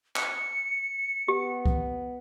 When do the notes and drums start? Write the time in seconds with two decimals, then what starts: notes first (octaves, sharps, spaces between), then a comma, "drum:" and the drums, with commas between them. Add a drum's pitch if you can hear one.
0.16 C#7, drum: clap
1.28 B3 G4
1.66 drum: kick C2